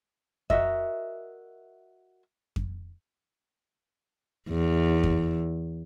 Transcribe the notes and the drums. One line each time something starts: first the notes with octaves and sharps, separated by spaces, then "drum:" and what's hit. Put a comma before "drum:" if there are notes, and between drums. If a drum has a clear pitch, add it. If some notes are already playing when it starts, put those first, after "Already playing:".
F#4 A#4 D#5 E5, drum: kick F2
drum: kick F2
E2
drum: kick F2